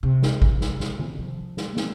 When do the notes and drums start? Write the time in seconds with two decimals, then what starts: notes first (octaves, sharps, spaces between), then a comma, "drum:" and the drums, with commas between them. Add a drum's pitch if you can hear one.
0.03 C3
0.22 drum: snare
0.42 drum: kick
0.61 drum: snare
0.80 drum: snare
0.99 drum: tom D#3
1.19 F3
1.57 drum: snare
1.77 C4, drum: snare